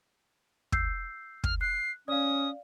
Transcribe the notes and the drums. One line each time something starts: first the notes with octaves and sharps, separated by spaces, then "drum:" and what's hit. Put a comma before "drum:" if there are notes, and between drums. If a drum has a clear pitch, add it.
E6 G6 C7, drum: kick
F6, drum: kick
F#6 C7
C#4 D5 F5 D#6